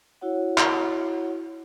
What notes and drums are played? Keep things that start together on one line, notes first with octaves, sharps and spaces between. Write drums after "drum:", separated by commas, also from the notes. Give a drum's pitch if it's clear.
E4 F#4 C#5 F#5
drum: clap